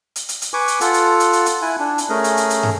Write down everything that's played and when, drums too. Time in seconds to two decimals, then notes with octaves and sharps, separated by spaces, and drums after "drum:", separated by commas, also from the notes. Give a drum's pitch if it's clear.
0.16 drum: hi-hat
0.29 drum: hi-hat
0.42 drum: hi-hat
0.53 B4 G#5 C#6 D6
0.68 drum: hi-hat
0.81 F4 A4 F#5, drum: hi-hat
0.94 drum: hi-hat
1.20 drum: hi-hat
1.33 drum: hi-hat
1.46 drum: hi-hat
1.62 E4 G#5 F#6
1.79 D4
1.98 drum: hi-hat
2.09 A3 C#4 G#4 A#4
2.24 drum: hi-hat
2.37 drum: hi-hat
2.50 drum: hi-hat
2.63 drum: tom